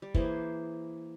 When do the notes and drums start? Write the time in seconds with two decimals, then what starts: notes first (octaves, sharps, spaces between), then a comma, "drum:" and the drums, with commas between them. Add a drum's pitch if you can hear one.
0.02 G3
0.14 E3 A#3 G#4 C5, drum: kick